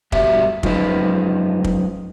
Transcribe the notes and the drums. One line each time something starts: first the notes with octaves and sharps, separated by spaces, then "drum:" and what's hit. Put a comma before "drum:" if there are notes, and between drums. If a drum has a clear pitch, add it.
G2 B2 G3 F#4 E5, drum: kick
F#2 F3 G#3 D#4 G4 B4, drum: kick
drum: kick